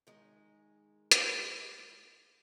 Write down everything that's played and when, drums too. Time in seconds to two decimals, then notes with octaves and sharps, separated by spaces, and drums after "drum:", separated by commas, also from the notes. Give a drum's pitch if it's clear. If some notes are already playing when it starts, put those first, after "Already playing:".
0.07 D#3 G#3
1.11 drum: hi-hat